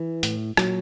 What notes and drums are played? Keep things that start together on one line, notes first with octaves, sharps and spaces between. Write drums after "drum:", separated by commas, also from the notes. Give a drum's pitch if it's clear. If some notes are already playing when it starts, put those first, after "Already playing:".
Already playing: E3
A2, drum: hi-hat
A#2 F#3, drum: rim click